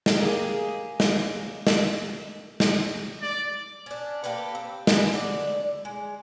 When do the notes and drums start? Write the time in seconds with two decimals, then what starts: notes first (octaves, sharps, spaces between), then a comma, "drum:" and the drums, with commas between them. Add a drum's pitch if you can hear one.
0.06 drum: snare
0.19 A#3 G4 G#4
1.00 drum: snare
1.67 drum: snare
2.60 drum: snare
3.22 D5
3.86 C#4 D4
4.24 A#3 G4 A4 B4
4.55 C4
4.87 D3 G#3 B4, drum: snare
5.13 D3 D5
5.85 G#3